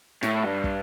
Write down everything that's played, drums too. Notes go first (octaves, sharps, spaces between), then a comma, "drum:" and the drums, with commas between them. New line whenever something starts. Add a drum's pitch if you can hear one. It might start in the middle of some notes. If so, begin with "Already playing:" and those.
A2, drum: snare
G2
drum: kick